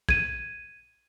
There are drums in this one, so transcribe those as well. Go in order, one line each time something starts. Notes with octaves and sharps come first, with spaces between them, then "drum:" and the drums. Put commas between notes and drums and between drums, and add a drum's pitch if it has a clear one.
G#6 D#7, drum: kick